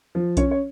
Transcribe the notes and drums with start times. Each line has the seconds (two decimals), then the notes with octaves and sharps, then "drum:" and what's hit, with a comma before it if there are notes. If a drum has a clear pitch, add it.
0.15 F3
0.37 C#4 C#5, drum: kick B1, hi-hat
0.51 C#5